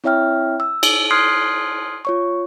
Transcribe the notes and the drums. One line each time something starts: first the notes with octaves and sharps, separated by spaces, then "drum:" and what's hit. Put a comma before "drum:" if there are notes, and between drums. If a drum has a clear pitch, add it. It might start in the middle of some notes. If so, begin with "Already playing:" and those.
C4 E4 C#5 E5 G5 F6
E6
drum: cymbal
C6 D#6 F6 F#6 G#6 C7
F4 C#5 C#6